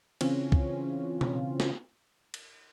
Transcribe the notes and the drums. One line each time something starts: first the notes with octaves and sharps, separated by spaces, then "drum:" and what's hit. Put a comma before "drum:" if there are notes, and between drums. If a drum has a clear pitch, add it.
C#3 E3 C4 C#4 F4, drum: cymbal
drum: kick C2
drum: tom B2
drum: snare
drum: cymbal